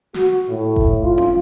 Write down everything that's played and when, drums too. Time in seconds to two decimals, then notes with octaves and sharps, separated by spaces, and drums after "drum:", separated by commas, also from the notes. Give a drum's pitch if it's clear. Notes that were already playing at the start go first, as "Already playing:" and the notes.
0.14 F#4, drum: snare
0.48 A2
0.76 drum: kick F#1
1.02 F4
1.18 drum: tom C4